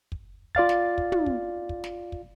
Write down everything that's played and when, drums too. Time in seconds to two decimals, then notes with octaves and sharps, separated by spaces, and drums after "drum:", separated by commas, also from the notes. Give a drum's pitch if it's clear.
0.12 drum: kick
0.55 F4 D5 F5 A6, drum: kick
0.69 drum: snare
0.98 drum: kick
1.12 drum: tom
1.26 drum: kick
1.69 drum: kick
1.84 drum: snare
2.12 drum: kick